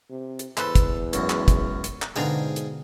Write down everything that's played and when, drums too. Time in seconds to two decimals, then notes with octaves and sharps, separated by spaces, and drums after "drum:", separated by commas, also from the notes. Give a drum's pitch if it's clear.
0.10 C3
0.39 drum: hi-hat
0.57 E2 A4 B4 C5, drum: clap
0.75 drum: kick, hi-hat
1.13 C#2 F#2, drum: hi-hat
1.30 drum: clap
1.48 drum: kick, hi-hat
1.84 drum: hi-hat
2.02 drum: clap
2.16 G#2 B2 D3 G#4 F5 G5 A#5
2.56 drum: hi-hat